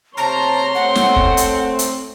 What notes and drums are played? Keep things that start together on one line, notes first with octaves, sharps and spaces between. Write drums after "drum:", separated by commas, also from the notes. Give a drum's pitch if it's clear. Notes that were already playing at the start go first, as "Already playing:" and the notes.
C3 C5 C#5 A5 A#5 C6
A3 C4 F#5
drum: snare
drum: kick
drum: hi-hat
drum: hi-hat